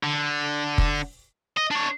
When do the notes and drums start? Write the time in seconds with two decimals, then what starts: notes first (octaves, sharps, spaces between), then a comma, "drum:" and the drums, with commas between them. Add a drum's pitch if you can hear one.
0.03 D3
0.78 drum: kick F1
1.57 D#5
1.71 D4 C#5